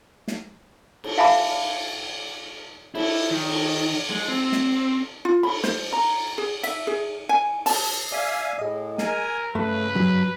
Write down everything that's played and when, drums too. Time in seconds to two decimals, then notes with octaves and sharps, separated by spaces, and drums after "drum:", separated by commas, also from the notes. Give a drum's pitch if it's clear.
0.28 drum: snare
1.04 drum: cymbal
1.18 E5 F5 G#5 A5 B5 D6
2.95 E4, drum: cymbal
3.31 D#3
3.48 drum: cymbal
4.10 G#3
4.28 C4
4.52 drum: snare
5.25 F4
5.43 B5, drum: cymbal
5.64 C5, drum: snare
5.93 A#5
6.38 G#4
6.63 E5, drum: cymbal
6.87 G#4
7.29 G#5
7.66 A5, drum: open hi-hat
8.12 D5 E5 F5 G#5
8.59 A2 G#4 D#5
8.98 A#4 G#5, drum: snare
9.55 G2 C#3 A3 B4
9.95 F#2 F#3